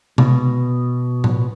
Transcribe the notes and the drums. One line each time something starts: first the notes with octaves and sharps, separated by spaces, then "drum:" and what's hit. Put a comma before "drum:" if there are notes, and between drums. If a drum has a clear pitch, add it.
B2, drum: tom C3
drum: tom A2